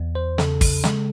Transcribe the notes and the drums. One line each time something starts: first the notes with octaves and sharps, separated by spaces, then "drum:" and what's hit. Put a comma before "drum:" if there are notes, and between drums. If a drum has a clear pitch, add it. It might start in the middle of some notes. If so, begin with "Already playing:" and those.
Already playing: E2
C5
C#3 A4, drum: snare
drum: kick, open hi-hat
G#3, drum: snare